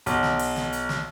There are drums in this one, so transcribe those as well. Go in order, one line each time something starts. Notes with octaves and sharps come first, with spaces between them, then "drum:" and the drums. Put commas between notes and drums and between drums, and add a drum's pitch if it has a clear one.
B1, drum: hi-hat
drum: snare
drum: open hi-hat
drum: snare
drum: hi-hat
drum: snare